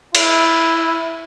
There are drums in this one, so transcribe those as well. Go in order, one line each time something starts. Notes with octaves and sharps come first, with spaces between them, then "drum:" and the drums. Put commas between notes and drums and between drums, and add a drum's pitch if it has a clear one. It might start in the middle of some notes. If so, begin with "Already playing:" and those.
E4, drum: cymbal